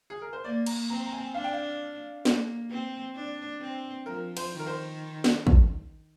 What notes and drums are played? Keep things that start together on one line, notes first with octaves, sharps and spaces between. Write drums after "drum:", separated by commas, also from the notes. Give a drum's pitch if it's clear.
G#4
A#4
C5
A#3 D5
A#5, drum: cymbal
C4 A#5
A#5
G#5
D4 F5
G5
F5
A#3, drum: snare
C4
D4
C4
F3 A#4
C5, drum: cymbal
D#3
A#4
C5
drum: snare
drum: kick